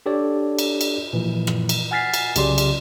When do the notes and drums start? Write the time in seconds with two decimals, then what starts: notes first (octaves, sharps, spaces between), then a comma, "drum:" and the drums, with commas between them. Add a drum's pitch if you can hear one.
0.06 D4 G4 A4 C#5 D5
0.59 drum: cymbal
0.81 drum: cymbal
1.13 A#2 E3 F3
1.47 drum: rim click
1.69 drum: cymbal
1.91 F#5 G#5 F6 A6 B6 C7
2.14 drum: cymbal
2.36 C2 C#3 F#3 G4 D5 C6, drum: cymbal
2.58 drum: cymbal